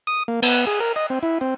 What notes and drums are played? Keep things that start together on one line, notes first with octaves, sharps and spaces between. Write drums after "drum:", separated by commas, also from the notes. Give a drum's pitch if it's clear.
D#6
A#3
B3, drum: cymbal
G#4
A#4
D#5
C4
E4
C4